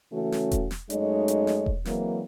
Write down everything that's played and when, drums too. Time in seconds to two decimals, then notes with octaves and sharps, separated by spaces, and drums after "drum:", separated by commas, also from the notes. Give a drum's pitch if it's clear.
0.12 C#3 E3 A3 C#4 F#4
0.32 drum: snare
0.51 drum: kick E1, hi-hat
0.71 drum: snare
0.90 F#2 G#3 A3 D#4 C#5 D#5, drum: hi-hat
1.28 drum: hi-hat
1.47 drum: snare
1.66 drum: kick E1
1.85 E3 F#3 G#3 A#3 C4 E4, drum: snare